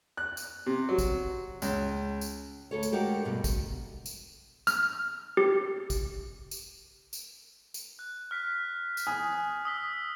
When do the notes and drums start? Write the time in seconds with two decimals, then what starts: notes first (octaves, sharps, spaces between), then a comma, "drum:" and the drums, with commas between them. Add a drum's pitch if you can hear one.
0.17 F#6
0.37 drum: tambourine
0.67 C3
0.89 F#3
0.98 drum: kick, tambourine
1.62 C#2, drum: tambourine
2.21 drum: tambourine
2.71 D2 A4 C#5
2.83 drum: tambourine
2.92 G#3 D4 F#4 G4 A4 A#4
3.25 G2 B2
3.44 drum: kick, tambourine
4.06 drum: tambourine
4.67 F6, drum: tambourine
5.37 G4
5.90 drum: kick, tambourine
6.51 drum: tambourine
7.13 drum: tambourine
7.74 drum: tambourine
7.99 F#6
8.31 F6 B6
8.97 drum: tambourine
9.07 G#5 D#6
9.65 D#6 E6 B6